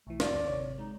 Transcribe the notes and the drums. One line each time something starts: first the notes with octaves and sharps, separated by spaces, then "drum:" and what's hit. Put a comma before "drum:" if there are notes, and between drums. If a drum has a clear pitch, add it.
B1 E3 A3
G#2 D3 F#3 D5, drum: snare
D#2
G#1 C3 C#5
G#3 D#4